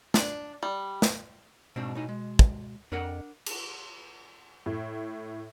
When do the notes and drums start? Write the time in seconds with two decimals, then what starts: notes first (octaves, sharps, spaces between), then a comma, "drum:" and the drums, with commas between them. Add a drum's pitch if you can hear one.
0.14 D4, drum: snare
0.63 G3
1.02 drum: snare
1.76 G#2 B2 C4 D4
1.95 A2 D#4 G#5
2.09 G#3
2.39 drum: kick
2.92 F2 D4 A#4 F#5
3.46 drum: cymbal
4.66 A2